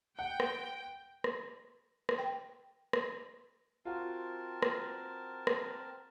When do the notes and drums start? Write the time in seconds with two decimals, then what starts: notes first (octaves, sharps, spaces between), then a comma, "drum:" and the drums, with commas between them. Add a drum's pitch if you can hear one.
0.19 F#5 G5
0.40 drum: rim click
1.24 drum: rim click
2.09 drum: rim click
2.18 G5
2.93 drum: rim click
3.85 C4 F4 F#4 A#4 A5
4.63 drum: rim click
5.47 drum: rim click